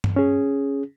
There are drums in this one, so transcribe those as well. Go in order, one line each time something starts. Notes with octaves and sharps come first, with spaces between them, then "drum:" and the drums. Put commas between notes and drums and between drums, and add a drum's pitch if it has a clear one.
drum: tom G2
C#4 G#4